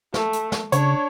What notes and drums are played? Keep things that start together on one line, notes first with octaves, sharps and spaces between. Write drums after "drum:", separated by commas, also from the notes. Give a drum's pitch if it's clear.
A3, drum: snare
drum: hi-hat
drum: snare
C#3 D4 C#5, drum: hi-hat